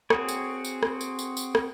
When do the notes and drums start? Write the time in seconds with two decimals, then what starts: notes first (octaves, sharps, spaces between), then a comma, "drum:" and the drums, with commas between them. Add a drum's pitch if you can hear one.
0.10 C4 F#4 G#4 C#5, drum: rim click
0.28 drum: tambourine
0.65 drum: tambourine
0.83 drum: rim click
1.01 drum: tambourine
1.19 drum: tambourine
1.37 drum: tambourine
1.55 drum: rim click